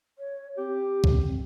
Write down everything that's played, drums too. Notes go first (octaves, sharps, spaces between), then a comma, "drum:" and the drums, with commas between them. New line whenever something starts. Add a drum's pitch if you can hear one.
C#5
C4 G4
drum: kick